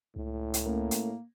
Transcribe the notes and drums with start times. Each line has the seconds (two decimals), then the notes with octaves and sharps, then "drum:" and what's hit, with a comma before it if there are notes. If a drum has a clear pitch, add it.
0.16 C#2 A2
0.54 drum: hi-hat
0.66 A3 A#3 C#4 A#4
0.91 drum: hi-hat